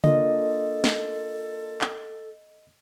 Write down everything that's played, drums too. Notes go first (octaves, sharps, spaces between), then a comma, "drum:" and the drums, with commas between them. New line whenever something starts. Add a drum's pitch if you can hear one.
A#3 D4 F4 A4 D#5, drum: tom C#3
drum: snare
drum: clap